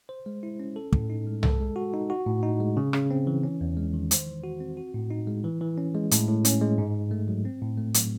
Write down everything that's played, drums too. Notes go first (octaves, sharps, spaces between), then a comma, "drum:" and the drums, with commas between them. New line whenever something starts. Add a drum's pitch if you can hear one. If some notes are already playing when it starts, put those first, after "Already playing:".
C5
G#3
E4
C#4
A4
A2, drum: kick
D#4
G#3
A4, drum: tom C2
G#3
F#4
D#4
F#4
A2
D#4
G#3
C#3
C#3, drum: rim click
C4
E3
C#4
E2
G#3
D#3
C5, drum: hi-hat
E3
F#4
C4
F#4
A2
D#4
G#3
E3
E3
C#4
G#3
A2, drum: hi-hat
A2
C#4, drum: hi-hat
G#3
G#2
G#2
A3
F#3
C4
A2
A3
F#3, drum: hi-hat